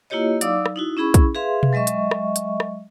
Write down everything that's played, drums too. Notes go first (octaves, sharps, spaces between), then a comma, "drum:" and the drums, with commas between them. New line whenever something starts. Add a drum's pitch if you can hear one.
A#3 E4 F4 G4 C#5 D#5
F#3 D#4 D5 F5 D6 E6, drum: hi-hat
drum: rim click
D#4 E4 F#4
C#4 E4 G#4 B5 C#6
drum: kick, hi-hat
G#4 B4 E5 F5 C6
drum: tom B2
F#3 G#3 D#5 E5 C#6
drum: hi-hat
drum: rim click
drum: hi-hat
drum: rim click